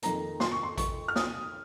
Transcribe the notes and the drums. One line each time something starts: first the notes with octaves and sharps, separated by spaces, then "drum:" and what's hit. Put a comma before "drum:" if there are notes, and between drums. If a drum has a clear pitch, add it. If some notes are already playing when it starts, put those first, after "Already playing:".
F2 D#3 A#3 A#5, drum: hi-hat
C6, drum: snare
C#6
C6
C#6, drum: kick A1, hi-hat
F6
D#6, drum: snare